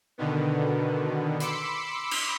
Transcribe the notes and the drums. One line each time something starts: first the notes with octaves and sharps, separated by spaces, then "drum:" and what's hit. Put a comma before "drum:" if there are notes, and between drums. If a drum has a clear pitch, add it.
B2 D3 D#3 B3
B5 C6 D6 E6 B6 C#7, drum: hi-hat
drum: cymbal